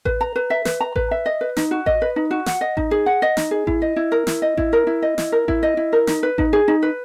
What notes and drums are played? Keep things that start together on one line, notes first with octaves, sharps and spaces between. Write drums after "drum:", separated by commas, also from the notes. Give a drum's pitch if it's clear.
B4, drum: kick A1
A#5
B4
E5
B4, drum: snare
A#5
B4, drum: kick A1
E5
D#5
B4
D#4, drum: snare
F#4
D#5, drum: kick A1
B4
D#4
F#4
F#5, drum: snare
D#5
D#4, drum: kick A1
G#4
F#5
D#5
D#4, drum: snare
G#4
E4, drum: kick A1
D#5
E4
A#4
E4, drum: snare
D#5
E4, drum: kick A1
A#4
E4
D#5
E4, drum: snare
A#4
E4, drum: kick A1
D#5
E4
A#4
D#4, drum: snare
B4
D#4, drum: kick A1
G#4
D#4
B4